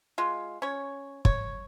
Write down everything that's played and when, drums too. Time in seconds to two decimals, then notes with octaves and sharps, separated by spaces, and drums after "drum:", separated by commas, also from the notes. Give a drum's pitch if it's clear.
0.18 G#3 F4
0.62 C#4 C#5
1.25 C#5, drum: kick